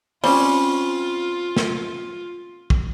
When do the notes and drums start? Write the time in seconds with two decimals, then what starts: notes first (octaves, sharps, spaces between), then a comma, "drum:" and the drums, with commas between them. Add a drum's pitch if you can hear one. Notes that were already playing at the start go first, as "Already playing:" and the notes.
0.24 G3 C4 C#4 F4, drum: open hi-hat
1.56 drum: snare
2.70 drum: kick